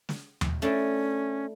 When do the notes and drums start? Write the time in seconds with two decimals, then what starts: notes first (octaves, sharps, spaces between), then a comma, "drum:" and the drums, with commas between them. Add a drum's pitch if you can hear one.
0.09 drum: snare
0.41 drum: tom D#2
0.62 A3 C#4 D4 E4